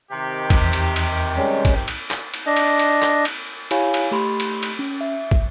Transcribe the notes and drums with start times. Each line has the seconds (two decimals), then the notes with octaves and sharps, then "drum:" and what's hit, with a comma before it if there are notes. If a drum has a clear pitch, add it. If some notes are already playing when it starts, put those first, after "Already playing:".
0.11 C3 D#3 G4
0.50 E2, drum: kick, cymbal
0.73 drum: cymbal
0.96 drum: cymbal
1.37 G3 G#3 C#4
1.65 drum: kick, cymbal
1.88 drum: cymbal
2.11 drum: clap
2.34 drum: cymbal
2.46 D4 D#5
2.56 drum: cymbal
2.79 drum: cymbal
3.02 drum: clap
3.25 drum: cymbal
3.71 E4 G4 C#5 F5 G#5 B5, drum: cymbal
3.94 drum: cymbal
4.11 A3 G4 B5 C6
4.40 drum: cymbal
4.63 drum: cymbal
4.79 C#4
5.01 E5
5.31 drum: kick